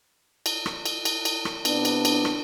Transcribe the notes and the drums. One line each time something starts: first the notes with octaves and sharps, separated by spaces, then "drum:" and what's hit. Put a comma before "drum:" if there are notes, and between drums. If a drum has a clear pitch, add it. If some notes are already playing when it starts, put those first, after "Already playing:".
drum: cymbal
drum: rim click
drum: cymbal
drum: cymbal
drum: cymbal
drum: rim click
C3 B3 D4, drum: cymbal
drum: cymbal
drum: cymbal
drum: rim click